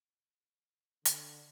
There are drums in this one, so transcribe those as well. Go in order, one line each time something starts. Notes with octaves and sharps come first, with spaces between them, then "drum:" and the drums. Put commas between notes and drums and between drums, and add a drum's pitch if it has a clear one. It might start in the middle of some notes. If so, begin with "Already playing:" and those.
D3, drum: hi-hat